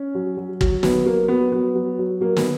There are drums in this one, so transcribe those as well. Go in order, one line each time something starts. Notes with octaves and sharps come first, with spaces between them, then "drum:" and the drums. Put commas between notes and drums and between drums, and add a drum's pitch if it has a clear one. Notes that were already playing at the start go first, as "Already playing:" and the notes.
Already playing: C#4
F#3
F#3
F#3, drum: kick
F#3 B3, drum: snare
F#3 A#3
F#3 B3
F#3 B3
F#3
F#3
F#3 A#3
B3, drum: snare